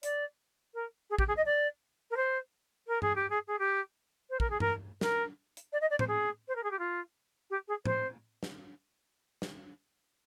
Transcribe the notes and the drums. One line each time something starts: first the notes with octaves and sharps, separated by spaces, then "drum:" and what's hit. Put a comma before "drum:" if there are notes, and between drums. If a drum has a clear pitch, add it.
D5, drum: hi-hat
A#4
G#4
G4, drum: kick
G#4
D#5
D5
A#4
C5
A#4
G#4, drum: tom G2
G4
G#4
G#4
G4
C5
A#4, drum: kick
G#4
A#4, drum: tom G2
A#4, drum: snare
drum: hi-hat
D5
D#5
D5
C5, drum: tom A2
G#4
C5
A#4
G#4
G4
F4
G4
G#4
C5, drum: tom A2
drum: snare
drum: snare